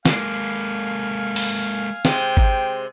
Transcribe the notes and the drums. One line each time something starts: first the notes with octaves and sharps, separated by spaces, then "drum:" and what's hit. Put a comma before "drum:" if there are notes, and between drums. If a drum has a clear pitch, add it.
G#3 A#3 F5 G#5, drum: snare
drum: open hi-hat
C3 G#3 G5, drum: snare
drum: kick G#1